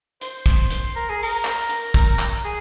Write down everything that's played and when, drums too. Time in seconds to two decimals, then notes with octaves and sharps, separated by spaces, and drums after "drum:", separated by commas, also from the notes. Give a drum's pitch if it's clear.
0.21 C5, drum: hi-hat
0.46 drum: kick
0.71 drum: hi-hat
0.95 A#4
1.09 G#4
1.23 A#4, drum: open hi-hat
1.45 drum: clap
1.70 drum: hi-hat
1.94 drum: kick
2.19 drum: clap
2.44 G#4